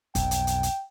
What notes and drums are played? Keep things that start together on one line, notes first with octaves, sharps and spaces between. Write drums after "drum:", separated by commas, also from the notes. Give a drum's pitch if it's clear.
B1 F2 G5, drum: kick F#1, hi-hat
drum: hi-hat
drum: hi-hat
drum: hi-hat